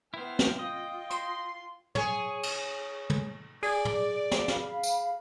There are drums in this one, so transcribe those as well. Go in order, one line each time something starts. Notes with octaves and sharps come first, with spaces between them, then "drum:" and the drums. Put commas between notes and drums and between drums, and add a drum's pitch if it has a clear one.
B3 E4 C5 G5 F6
drum: snare
F4 D#5
C6, drum: hi-hat
G#4 C#5, drum: tom
drum: cymbal
drum: tom
G#4 D5, drum: open hi-hat
drum: tom
drum: snare
F5 B5, drum: snare
drum: tambourine